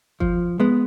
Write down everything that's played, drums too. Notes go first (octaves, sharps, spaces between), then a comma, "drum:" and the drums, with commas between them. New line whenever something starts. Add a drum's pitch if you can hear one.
F3, drum: kick G1
G#3 B3